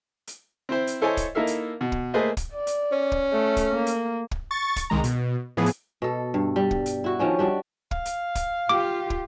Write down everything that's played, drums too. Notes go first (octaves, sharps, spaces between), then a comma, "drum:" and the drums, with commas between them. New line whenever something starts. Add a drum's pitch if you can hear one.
drum: hi-hat
C4 E4 C5
drum: hi-hat
E4 A4 C5 C#5 D#5 G#5
drum: kick, hi-hat
A#3 D#4 E4 A4 E5 F5
drum: hi-hat
B2
drum: kick
A3 A#3 G#4 B4 C5 D#5
drum: kick, hi-hat
D5
drum: hi-hat
C#4
drum: kick
A3
drum: kick, hi-hat
A#3
drum: hi-hat
drum: kick
C#6 A6
drum: kick, hi-hat
C2 D#3 G#3 A#5
B2, drum: hi-hat
A2 E3 F3 B3 G#4
drum: hi-hat
B2 A4
G2
G3
drum: kick
drum: hi-hat
E4 F#4
D#3 F3 C#4 D4
G3 D4 F#4
F5, drum: kick
drum: hi-hat
drum: kick, hi-hat
F4 G4 D6
drum: kick